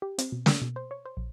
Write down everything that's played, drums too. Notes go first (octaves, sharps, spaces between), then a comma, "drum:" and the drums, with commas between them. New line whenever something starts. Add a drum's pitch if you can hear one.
G4
C4, drum: hi-hat
B2
A#3, drum: snare
B2
C5
C#5
C5
A#1